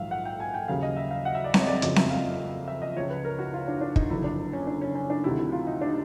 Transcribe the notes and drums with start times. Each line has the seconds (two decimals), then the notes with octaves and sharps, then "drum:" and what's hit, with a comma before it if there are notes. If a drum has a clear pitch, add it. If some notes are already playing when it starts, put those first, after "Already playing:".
Already playing: A#1 G#2 D#3 F#3 E5 F5
0.11 F#5
0.25 G5
0.40 G#5
0.54 G5
0.68 D#2 C#3 F#3 F5
0.83 D#5
0.97 E5
1.11 F5
1.25 F#5
1.35 E5
1.44 D5
1.54 C#5, drum: snare C4
1.62 D#5
1.67 D5
1.82 F#1 F2 C#3 F#3 D#5, drum: hi-hat
1.96 E5, drum: snare C4
2.10 F5
2.68 E5
2.82 D#5
2.96 C#2 C#3 F3 C#5
3.10 B4
3.25 A#4
3.39 F#4
3.53 F4
3.68 D4
3.81 D4
3.96 D#4, drum: kick
4.10 F#1 F2 D3 F#3 E4
4.24 D4
4.53 C#4
4.67 D4
4.81 C#4
4.95 C#4
5.10 D4
5.24 D2 C3 D#3 F#3 E4
5.39 E4
5.52 F4
5.67 D#4
5.81 D4
5.88 D#4